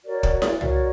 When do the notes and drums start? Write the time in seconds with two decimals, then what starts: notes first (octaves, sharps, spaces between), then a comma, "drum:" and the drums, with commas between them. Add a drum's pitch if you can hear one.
0.04 F#4 A#4 C#5 D5
0.23 drum: kick
0.42 drum: snare E4
0.61 F#4 A#4 C#5, drum: tom C2